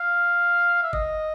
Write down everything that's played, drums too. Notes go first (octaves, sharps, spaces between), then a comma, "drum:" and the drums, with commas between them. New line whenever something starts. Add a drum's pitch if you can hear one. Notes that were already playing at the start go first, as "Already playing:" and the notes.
Already playing: F5
E5
D#5, drum: kick F#1